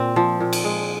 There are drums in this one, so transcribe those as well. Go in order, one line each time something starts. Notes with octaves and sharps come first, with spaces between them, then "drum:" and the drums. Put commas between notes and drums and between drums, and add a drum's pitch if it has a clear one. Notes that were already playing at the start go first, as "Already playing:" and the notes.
Already playing: A#2 C4
F3
A#2
drum: cymbal
G#3